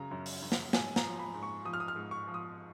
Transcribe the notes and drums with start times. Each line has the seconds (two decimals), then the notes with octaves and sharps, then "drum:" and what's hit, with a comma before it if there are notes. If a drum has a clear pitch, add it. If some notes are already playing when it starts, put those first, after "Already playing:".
Already playing: F#2 C#3 F#3 A#5
0.11 F#2
0.26 drum: open hi-hat
0.42 F#2
0.52 drum: snare
0.73 G#2 G#5, drum: snare
0.96 A#5, drum: snare
1.04 F3
1.19 B5
1.34 G#2
1.43 C#6
1.65 F3 D#6
1.73 F6
1.80 D#6
1.88 F6
1.96 G#2
2.11 C#6
2.27 F3
2.34 D#6